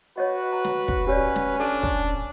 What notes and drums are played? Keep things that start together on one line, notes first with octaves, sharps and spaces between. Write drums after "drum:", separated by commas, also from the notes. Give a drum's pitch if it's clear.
F#4 B4 C#5 D#5
A#5
drum: snare
drum: kick
C#4 G4 C#5 D5
drum: snare
D4 A4 A5
drum: kick